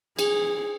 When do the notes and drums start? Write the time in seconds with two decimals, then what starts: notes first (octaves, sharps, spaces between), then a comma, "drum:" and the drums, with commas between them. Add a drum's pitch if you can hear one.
0.19 G#4, drum: cymbal